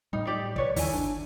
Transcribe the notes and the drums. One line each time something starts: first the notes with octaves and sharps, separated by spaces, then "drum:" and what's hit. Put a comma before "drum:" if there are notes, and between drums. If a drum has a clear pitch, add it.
A2 G3 D#4
G4 D5
B4 C#5 D5, drum: kick
D#2 D#3 E4 G#5, drum: open hi-hat
G1 D4